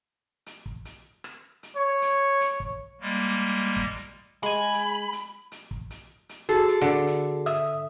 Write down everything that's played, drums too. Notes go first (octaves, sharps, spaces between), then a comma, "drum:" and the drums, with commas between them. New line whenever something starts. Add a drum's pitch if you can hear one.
drum: hi-hat
drum: kick
drum: hi-hat
drum: rim click
drum: hi-hat
C#5
drum: hi-hat
drum: hi-hat
drum: kick
G3 G#3 A#3
drum: hi-hat
drum: hi-hat
drum: kick
drum: hi-hat
G#3 G#5 B5
drum: hi-hat
drum: hi-hat
drum: hi-hat
drum: kick
drum: hi-hat
drum: hi-hat
F#4 G#4 A4 C7
drum: hi-hat
D3
drum: hi-hat
E5 D#6, drum: rim click